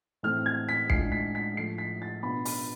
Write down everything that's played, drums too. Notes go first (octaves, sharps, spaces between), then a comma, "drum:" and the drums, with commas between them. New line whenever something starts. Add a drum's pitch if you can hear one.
A2 E3 A3 C4 F6
G#6
B6
A2 G#3 D4 F4 C7, drum: kick
B6
B6
A2 F3 A3 C7
B6
A6
B2 B3 D4 F4 B5
B5, drum: open hi-hat